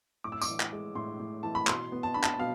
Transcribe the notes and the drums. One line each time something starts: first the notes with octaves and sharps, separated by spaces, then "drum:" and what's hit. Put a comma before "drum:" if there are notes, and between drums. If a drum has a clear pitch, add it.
A2 D6
E6
D6, drum: tambourine
E3
drum: clap
G#3
A2 C6
A2
E3 A5
B5
B2 C6, drum: clap
B3
A5
D4 B5
A5, drum: clap
B2 F5